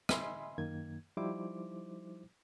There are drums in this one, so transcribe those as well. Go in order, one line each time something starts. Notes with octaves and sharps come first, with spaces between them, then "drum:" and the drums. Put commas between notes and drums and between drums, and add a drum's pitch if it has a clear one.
D#5 E5 G#5 B5 C6, drum: rim click
F#2 D#3 A#3 G#6
F3 G3 D#4 E4 C5 D6